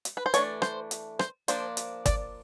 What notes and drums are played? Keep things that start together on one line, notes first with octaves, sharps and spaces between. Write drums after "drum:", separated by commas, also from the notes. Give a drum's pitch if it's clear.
drum: hi-hat
B4
C5
E3 A3 D4 C#5, drum: hi-hat
C5, drum: rim click
drum: hi-hat
C5, drum: rim click
F3 A#3 D4 C5, drum: hi-hat
drum: hi-hat
D5, drum: kick, hi-hat